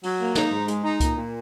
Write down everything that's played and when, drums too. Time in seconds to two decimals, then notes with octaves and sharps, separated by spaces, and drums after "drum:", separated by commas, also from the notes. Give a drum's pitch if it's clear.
0.03 F#3, drum: open hi-hat
0.20 A#3
0.35 D#4, drum: snare
0.52 G#2
0.68 G#3, drum: hi-hat
0.84 D#4
1.00 A#2, drum: kick C#2, hi-hat
1.16 A#2